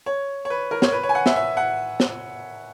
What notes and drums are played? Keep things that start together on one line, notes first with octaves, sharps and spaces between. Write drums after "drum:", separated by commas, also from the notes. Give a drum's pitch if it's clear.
C#5
C#5
B4
A#4
C#5, drum: snare
B4
C#5
G#5
F#5
E5, drum: snare
E5
F#5
drum: snare